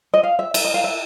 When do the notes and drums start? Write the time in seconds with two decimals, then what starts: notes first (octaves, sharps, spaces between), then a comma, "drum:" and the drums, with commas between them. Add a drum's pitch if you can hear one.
0.14 D#5
0.23 F5
0.39 E5
0.54 E5, drum: cymbal
0.65 D#5
0.74 F5
0.84 E5